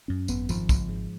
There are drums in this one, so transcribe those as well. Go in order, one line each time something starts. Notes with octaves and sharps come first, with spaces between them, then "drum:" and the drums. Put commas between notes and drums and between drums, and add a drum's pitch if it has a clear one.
F#2 C#4
G#1 B3, drum: tambourine
G#1 F3, drum: tambourine
G#1, drum: kick, tambourine
G#2